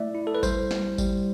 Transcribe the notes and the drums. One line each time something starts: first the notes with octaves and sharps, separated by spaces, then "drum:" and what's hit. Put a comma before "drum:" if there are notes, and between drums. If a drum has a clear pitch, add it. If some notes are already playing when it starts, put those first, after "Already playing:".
Already playing: A3 E4 D5 E5
E4
A4
B4
G3 C5, drum: kick G#1, tambourine
G3, drum: snare
G3, drum: kick G#1, tambourine